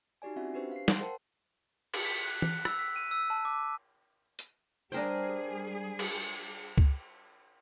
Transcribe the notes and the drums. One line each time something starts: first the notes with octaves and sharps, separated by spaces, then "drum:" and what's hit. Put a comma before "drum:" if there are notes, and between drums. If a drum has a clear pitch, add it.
D#4 F#4 G4 D5 G#5
C4 C#4 F4 F#4 E5 F#5
D4 G4 B4 C5
F5 C7
F#5 C6, drum: snare
A#4 C5 G5 A5
drum: cymbal
B6
F#6
F#6, drum: tom E3
E6, drum: rim click
B6
D#7
E6
A5
D6
drum: hi-hat
G3 D4 G#4 A#4 C5 G5
drum: cymbal
drum: kick C#2